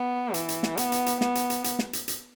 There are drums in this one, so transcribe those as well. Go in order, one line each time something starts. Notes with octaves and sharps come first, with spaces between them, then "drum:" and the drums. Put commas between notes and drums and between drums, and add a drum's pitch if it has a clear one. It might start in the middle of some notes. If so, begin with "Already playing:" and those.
Already playing: B3
E3, drum: hi-hat
drum: hi-hat
drum: snare
B3, drum: hi-hat
drum: hi-hat
drum: hi-hat
B3, drum: snare
drum: hi-hat
drum: hi-hat
drum: hi-hat
drum: snare
drum: hi-hat
drum: hi-hat